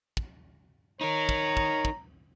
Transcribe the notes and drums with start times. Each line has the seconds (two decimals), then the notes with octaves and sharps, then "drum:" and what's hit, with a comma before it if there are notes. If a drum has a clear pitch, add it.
0.17 drum: kick
1.01 D#4 A#4 C#5 A#5
1.29 drum: kick
1.57 drum: kick
1.85 drum: kick